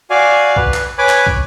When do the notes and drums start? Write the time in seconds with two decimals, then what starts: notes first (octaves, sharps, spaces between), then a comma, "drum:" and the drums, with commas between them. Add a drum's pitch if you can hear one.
0.10 F#4 D5 F5 G#5
0.56 B4, drum: kick
0.74 drum: clap
0.98 B4 C#5 G#5 B5 D6
1.09 drum: clap
1.27 drum: kick